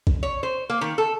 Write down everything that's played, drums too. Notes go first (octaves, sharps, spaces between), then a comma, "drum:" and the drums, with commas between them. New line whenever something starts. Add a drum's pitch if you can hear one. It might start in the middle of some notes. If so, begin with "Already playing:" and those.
drum: kick
C#5
C5
A#3
D#3
A4